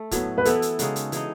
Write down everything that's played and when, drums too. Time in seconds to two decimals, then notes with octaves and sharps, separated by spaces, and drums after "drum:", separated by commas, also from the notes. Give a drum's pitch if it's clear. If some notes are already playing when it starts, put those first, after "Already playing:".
Already playing: A3
0.11 A2 F#3 B3, drum: kick, hi-hat
0.38 B4
0.45 E3 B3 E4 A4, drum: hi-hat
0.62 drum: hi-hat
0.79 C#3 G#3 D#4 F#4, drum: hi-hat
0.96 drum: hi-hat
1.12 E3 G#3 D#4, drum: hi-hat